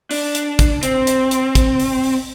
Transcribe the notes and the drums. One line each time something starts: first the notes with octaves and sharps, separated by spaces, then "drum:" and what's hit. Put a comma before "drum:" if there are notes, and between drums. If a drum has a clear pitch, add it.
D4, drum: open hi-hat
drum: hi-hat
drum: kick, hi-hat
C4, drum: hi-hat
drum: hi-hat
drum: hi-hat
drum: kick, hi-hat
drum: open hi-hat
drum: open hi-hat